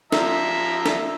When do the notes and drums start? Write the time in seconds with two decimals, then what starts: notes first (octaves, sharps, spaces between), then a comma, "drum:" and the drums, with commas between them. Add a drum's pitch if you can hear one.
0.12 F3 E5 A#5, drum: snare
0.86 drum: snare